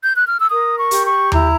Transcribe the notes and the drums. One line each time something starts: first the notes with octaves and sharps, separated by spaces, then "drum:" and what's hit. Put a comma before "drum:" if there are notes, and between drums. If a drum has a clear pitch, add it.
G6
F#6
F6
E6
A#4 D#6
C#6
G4, drum: hi-hat
C#6
E4 A#5, drum: tom D#2